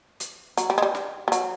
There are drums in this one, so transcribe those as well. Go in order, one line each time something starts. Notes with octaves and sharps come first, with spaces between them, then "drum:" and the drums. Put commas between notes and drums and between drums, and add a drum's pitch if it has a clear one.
drum: hi-hat
F#3, drum: hi-hat
G3
G#3
G3
drum: snare
G3
F#3, drum: hi-hat